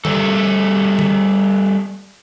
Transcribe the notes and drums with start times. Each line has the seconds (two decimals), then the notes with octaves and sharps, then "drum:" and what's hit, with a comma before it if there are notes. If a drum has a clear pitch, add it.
0.05 G3 A3 A4, drum: tom D3
0.99 drum: tom D3